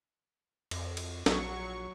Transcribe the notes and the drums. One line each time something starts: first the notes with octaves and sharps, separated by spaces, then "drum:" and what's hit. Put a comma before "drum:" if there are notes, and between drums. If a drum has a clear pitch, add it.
F2, drum: cymbal
drum: cymbal
A#1 F#3 C#6, drum: snare D4